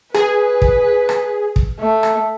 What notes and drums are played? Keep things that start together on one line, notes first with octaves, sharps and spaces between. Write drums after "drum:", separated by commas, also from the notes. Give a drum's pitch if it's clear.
G#4 B4, drum: rim click
drum: kick
drum: rim click
drum: kick
A3
drum: rim click